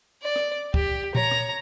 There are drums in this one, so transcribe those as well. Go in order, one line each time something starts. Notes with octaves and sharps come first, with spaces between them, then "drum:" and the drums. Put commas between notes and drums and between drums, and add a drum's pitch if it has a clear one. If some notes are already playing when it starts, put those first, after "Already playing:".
D5
drum: rim click
G4, drum: kick C#2
C#5 A#5, drum: tom A#2
drum: rim click